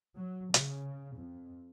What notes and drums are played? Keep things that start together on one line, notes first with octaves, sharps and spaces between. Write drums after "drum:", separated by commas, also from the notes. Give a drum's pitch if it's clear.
F#3
C#3, drum: hi-hat
F2